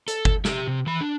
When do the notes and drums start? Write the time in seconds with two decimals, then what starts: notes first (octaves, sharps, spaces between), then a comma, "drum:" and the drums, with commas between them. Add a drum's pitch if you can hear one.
0.08 A4, drum: hi-hat
0.25 drum: kick G1
0.45 G4 E5, drum: snare
0.68 C3
0.86 E3 B5
1.01 D4